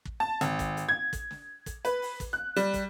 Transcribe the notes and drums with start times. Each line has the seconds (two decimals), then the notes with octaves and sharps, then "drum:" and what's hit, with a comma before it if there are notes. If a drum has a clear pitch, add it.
0.05 drum: kick
0.20 A5
0.41 G#1, drum: hi-hat
0.59 drum: kick, hi-hat
0.77 drum: hi-hat
0.89 G#6
1.13 drum: kick, hi-hat
1.31 drum: snare
1.66 drum: kick, hi-hat
1.85 B4, drum: hi-hat
2.02 drum: open hi-hat
2.20 drum: kick, hi-hat
2.33 F#6
2.56 G3, drum: hi-hat
2.74 drum: kick, hi-hat